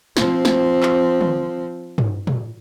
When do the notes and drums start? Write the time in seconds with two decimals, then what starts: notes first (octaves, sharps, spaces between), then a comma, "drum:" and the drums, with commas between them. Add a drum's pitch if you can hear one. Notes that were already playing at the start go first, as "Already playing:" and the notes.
0.17 F3 C4, drum: snare
0.45 drum: snare
0.83 drum: clap
1.21 drum: tom
1.98 drum: tom
2.27 drum: tom